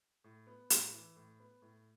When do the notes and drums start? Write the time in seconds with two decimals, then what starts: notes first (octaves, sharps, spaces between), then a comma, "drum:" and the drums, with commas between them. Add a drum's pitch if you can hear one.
0.24 A2
0.47 B3
0.70 A2, drum: hi-hat
0.94 E3
1.16 A2
1.40 B3
1.62 A2